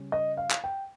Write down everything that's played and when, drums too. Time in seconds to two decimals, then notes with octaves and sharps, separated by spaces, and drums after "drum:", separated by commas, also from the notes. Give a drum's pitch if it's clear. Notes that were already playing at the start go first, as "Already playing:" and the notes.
Already playing: C#3 G3 C#4
0.12 D#5
0.37 F5
0.51 drum: clap
0.64 G5